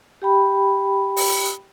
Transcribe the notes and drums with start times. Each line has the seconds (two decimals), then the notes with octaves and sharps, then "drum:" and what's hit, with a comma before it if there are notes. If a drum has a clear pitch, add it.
0.22 G4 G5 B5
1.17 drum: open hi-hat